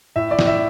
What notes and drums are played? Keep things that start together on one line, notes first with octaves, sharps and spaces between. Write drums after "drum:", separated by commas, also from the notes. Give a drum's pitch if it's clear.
A2 E5
D5
A2, drum: snare
E5